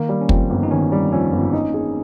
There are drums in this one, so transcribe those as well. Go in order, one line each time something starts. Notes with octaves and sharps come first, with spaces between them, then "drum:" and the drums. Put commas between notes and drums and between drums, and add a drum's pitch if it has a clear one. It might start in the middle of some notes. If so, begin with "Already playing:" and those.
Already playing: D#3 A#3
G3
C#4
F2 C4, drum: kick
G1
D#4
D#3 C#4
G3
F2 C#4
G1
D#4
G#4